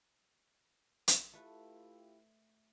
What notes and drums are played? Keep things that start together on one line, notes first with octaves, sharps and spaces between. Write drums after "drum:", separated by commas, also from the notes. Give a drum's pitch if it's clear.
drum: hi-hat
A3 E4 F4 G4 B4